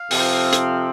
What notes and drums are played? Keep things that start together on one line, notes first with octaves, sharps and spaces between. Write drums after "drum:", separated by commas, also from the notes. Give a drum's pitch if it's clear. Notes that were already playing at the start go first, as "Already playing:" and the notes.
Already playing: F5
F2 C3 F3 C4, drum: open hi-hat
drum: hi-hat